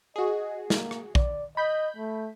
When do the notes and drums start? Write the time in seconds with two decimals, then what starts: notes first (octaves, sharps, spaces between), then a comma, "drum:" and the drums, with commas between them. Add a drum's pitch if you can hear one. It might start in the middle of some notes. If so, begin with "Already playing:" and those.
0.16 F#4 G#4 D#5
0.70 A#3, drum: snare
0.91 drum: rim click
1.15 D5, drum: kick A#1
1.57 D#5 B5 G6 B6
1.96 A3